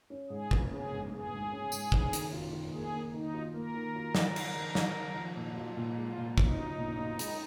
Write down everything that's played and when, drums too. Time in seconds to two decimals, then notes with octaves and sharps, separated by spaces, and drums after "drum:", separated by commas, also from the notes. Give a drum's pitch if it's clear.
0.10 C#4
0.30 G#2 G#4
0.51 F4, drum: kick
0.72 C#4 G#4
0.92 G#2
1.12 G#2 G#4
1.32 G#2
1.52 C#4
1.72 G#2, drum: tambourine
1.92 D#3, drum: kick
2.13 D#3, drum: hi-hat
2.33 F4
2.53 D#3
2.74 A#3 G#4
2.93 A#3
3.14 D#3 D#4
3.34 F4
3.54 A#3 A#4
3.74 D#3
3.95 F4
4.15 D#3, drum: snare
4.36 D#3, drum: cymbal
4.56 D#3
4.75 D#3, drum: snare
4.96 D#3
5.16 F3
5.36 A#2
5.57 F4
5.77 A#2
5.97 G#3 F4
6.18 A#2
6.38 D#4 F4, drum: kick
6.58 F4
6.78 A#2
6.98 F4
7.19 G#3, drum: hi-hat